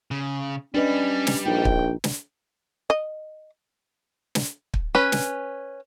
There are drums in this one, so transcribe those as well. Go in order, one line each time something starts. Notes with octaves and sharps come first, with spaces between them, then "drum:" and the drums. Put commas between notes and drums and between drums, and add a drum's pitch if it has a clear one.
C#3
G3 C#4 D4 B4 D#5
drum: snare
A#1 D#4 G5
drum: kick
drum: snare
D#5
drum: snare
drum: kick
C#4 B4
drum: snare